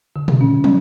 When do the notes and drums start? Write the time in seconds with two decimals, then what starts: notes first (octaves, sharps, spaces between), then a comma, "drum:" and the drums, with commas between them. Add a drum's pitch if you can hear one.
0.16 D3
0.28 drum: tom A#2
0.41 C#4
0.64 C#4, drum: tom